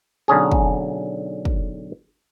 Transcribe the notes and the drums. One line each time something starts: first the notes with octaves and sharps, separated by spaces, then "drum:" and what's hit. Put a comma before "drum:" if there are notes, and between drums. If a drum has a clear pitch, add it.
B1 D3 C#4 G#4
drum: kick
drum: kick